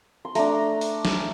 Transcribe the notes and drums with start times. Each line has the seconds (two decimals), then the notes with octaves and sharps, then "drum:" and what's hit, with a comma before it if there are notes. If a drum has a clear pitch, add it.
0.25 C6
0.35 A3 D4 A#5, drum: open hi-hat
0.81 drum: open hi-hat
1.05 drum: snare